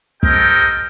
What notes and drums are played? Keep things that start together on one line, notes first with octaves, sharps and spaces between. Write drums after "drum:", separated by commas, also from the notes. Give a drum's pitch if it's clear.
G4 A4 A#4 C5 D#5 G5, drum: kick